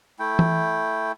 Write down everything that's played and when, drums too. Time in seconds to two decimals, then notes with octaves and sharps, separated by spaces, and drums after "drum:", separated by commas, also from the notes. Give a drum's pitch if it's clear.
0.19 A3 E4 G5
0.39 drum: tom E3